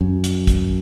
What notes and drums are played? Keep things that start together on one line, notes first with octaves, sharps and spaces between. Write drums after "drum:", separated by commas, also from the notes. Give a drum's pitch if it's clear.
F#2
drum: hi-hat
drum: kick, hi-hat